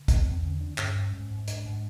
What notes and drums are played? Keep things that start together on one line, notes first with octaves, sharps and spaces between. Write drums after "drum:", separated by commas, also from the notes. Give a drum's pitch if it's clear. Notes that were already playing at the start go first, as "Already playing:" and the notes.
Already playing: C#3
E2 C#4, drum: kick, hi-hat
C4
E2
C4
D3 C#4
D3 D4
G2 C#4, drum: clap
G2
G#2
G#2
G#2 D4, drum: hi-hat
G#2